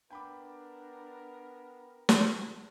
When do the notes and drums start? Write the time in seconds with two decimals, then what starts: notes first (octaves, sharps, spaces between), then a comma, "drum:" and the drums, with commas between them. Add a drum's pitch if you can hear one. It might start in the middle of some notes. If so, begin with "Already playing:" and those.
0.10 B3 D4 A#4 G5 B5 D6
2.09 drum: snare